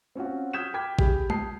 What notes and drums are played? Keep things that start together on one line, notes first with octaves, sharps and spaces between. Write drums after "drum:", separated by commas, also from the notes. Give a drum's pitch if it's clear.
C4 C#4 F4 F#4
D#6 F6 G6 G#6 B6 E7
G5 D6 F6 G#6 B6
G4 G#4 B5, drum: kick
A5 D#6 G6 C7, drum: tom